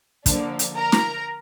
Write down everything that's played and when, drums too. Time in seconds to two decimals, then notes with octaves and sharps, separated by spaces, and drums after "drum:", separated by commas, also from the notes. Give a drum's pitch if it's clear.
0.26 D3 F3 A#3 D4, drum: kick, hi-hat
0.59 drum: hi-hat
0.75 A#4 A#5
0.92 drum: snare